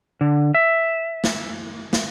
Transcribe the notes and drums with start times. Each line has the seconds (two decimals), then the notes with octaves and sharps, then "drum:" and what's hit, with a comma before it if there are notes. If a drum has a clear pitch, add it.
0.21 D3
0.54 E5
1.24 drum: snare
1.93 drum: snare